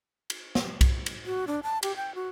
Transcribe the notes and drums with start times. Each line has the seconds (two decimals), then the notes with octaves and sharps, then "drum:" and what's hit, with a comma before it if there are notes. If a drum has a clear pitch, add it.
0.30 drum: cymbal
0.55 drum: snare
0.81 drum: kick B1, cymbal
1.06 drum: cymbal
1.26 F#4
1.47 D4
1.63 A5
1.83 G4, drum: cymbal
1.96 G5
2.15 F#4